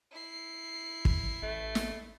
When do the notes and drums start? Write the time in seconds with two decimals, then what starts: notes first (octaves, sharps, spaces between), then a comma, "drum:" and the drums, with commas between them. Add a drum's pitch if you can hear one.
0.12 E4 C7
1.05 drum: kick
1.42 A1 A3
1.75 drum: snare